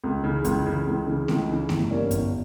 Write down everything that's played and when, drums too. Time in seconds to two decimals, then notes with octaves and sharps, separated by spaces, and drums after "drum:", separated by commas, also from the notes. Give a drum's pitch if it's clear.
0.04 C#2
0.24 C#3 E3
0.45 C#2, drum: kick F#2, hi-hat
0.66 C#3 E3
0.87 C#2
1.07 C#3 E3
1.28 C#2, drum: snare A3
1.49 C#3 E3
1.69 G1, drum: snare A3
1.90 G2 E3 A#3 C#4
2.11 G1, drum: kick F#2, hi-hat